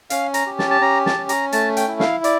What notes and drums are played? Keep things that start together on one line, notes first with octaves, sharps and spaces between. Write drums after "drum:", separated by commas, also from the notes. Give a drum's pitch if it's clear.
C#4 F5, drum: hi-hat
A#5, drum: hi-hat
G4
A5, drum: snare
A5
C#4 A#5
A5, drum: snare
C#4
A#5, drum: hi-hat
A3 A5, drum: hi-hat
G5, drum: hi-hat
E4
F5, drum: snare
D5, drum: hi-hat